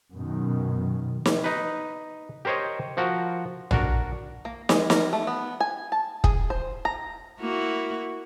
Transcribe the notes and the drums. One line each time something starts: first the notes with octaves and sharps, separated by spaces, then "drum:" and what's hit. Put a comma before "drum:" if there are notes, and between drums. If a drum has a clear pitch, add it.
F#2 B2 D#3
drum: snare
D#4 B4
G4 A#4 C5 C#5 D#5
F3 F#4 A#4
D4 F#4 A#4, drum: tom A#1
A#3
G#3, drum: snare
A#4, drum: snare
A3
B3
G#5
A5
G#4, drum: kick
C5
A#5
A#3 E4 F#4